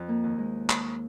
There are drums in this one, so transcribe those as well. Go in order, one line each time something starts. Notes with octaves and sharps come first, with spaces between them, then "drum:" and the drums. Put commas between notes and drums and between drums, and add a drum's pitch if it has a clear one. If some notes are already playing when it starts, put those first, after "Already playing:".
Already playing: F2
A#3
D#2
G#3
drum: clap